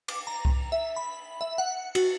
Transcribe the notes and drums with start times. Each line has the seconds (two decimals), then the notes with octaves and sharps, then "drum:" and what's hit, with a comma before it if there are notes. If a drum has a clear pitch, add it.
0.08 D6, drum: cymbal
0.27 A#5
0.45 drum: kick C2
0.72 E5
0.96 B5
1.41 E5
1.58 F#5
1.95 F#4, drum: cymbal